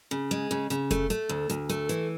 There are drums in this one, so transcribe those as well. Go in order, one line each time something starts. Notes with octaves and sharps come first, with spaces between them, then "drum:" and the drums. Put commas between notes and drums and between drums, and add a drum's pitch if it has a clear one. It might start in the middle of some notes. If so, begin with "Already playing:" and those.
C#3
G#3
C#3
C#3, drum: hi-hat
A3, drum: kick F1, hi-hat
A3, drum: hi-hat
D2
D2, drum: hi-hat
A3, drum: hi-hat
E3, drum: hi-hat